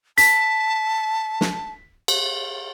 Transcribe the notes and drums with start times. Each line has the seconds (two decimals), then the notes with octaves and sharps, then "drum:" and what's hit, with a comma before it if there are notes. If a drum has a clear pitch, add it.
0.18 A5 B6, drum: hi-hat
1.41 drum: snare
2.08 drum: cymbal